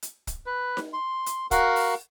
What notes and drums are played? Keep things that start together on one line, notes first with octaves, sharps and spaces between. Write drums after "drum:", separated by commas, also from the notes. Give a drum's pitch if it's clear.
drum: hi-hat
drum: kick, hi-hat
B4
drum: snare D#4
C6
drum: hi-hat
F#4 A#4 F5 F#5, drum: kick, hi-hat
drum: open hi-hat